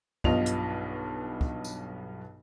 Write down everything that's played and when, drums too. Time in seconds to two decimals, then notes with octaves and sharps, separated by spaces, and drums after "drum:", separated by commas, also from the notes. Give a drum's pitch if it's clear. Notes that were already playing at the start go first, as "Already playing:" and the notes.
0.24 B1 G2 B2 F4 D#5 F7, drum: kick
0.46 drum: hi-hat
1.41 drum: kick
1.64 drum: tambourine